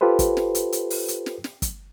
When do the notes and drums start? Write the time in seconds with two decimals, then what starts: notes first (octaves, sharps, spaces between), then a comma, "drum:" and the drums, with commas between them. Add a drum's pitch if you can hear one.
0.01 F4 G4 A4 B4 C5
0.19 drum: kick, hi-hat
0.37 drum: snare
0.55 drum: hi-hat
0.72 drum: hi-hat
0.90 drum: open hi-hat
1.08 drum: hi-hat
1.26 drum: snare
1.44 drum: snare
1.62 drum: kick, hi-hat